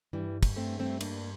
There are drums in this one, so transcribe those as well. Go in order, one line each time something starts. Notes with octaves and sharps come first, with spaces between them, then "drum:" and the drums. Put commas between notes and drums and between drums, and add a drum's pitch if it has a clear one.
G2 E3 G3
drum: kick, cymbal
A3 C4
A3 C4
A#3 D4, drum: cymbal